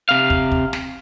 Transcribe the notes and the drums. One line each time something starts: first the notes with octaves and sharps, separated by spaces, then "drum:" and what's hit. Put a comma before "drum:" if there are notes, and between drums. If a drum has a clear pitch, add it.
C3 F5
drum: kick
drum: kick
drum: snare